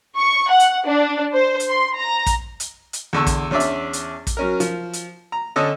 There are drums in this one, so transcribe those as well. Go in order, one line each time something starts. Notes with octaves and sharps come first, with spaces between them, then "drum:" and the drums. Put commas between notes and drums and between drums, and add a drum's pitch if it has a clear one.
C#6
F#5
drum: hi-hat
D4
C5
drum: hi-hat
C6
A#5
drum: kick, hi-hat
drum: hi-hat
drum: hi-hat
E2 D3 C#6 E6
drum: kick, hi-hat
E2 C#4 D4 D5 E5
drum: hi-hat
drum: hi-hat
drum: kick, hi-hat
F#3 C#4 A#4
F3, drum: hi-hat
drum: hi-hat
A#5
D3 C#4 A4 D#5